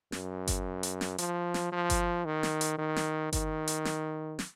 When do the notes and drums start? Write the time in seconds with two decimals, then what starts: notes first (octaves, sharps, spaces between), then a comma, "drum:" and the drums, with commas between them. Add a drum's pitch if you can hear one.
0.12 F#2, drum: snare
0.48 drum: kick G1, hi-hat
0.83 drum: hi-hat
1.01 drum: snare
1.18 F3, drum: hi-hat
1.54 drum: snare
1.72 F3
1.90 drum: kick G1, hi-hat
2.25 D#3
2.43 drum: snare
2.61 drum: hi-hat
2.78 D#3
2.96 drum: snare
3.33 D#3, drum: kick G1, hi-hat
3.68 drum: hi-hat
3.85 drum: snare
4.39 drum: snare